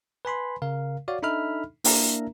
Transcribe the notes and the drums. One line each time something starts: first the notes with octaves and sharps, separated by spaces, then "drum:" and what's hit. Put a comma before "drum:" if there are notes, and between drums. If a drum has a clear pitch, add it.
B4 G#5 B5 C6
C#3 A#4 F5
F#4 C#5 D5 F5
D4 D#4 A4 E5 B5 F6
A#3 D4 E4 A#4 E5 A#5, drum: open hi-hat